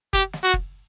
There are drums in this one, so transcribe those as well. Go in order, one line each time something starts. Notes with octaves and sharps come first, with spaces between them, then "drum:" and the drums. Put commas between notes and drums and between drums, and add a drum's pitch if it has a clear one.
G4, drum: kick
drum: snare
F#4
drum: kick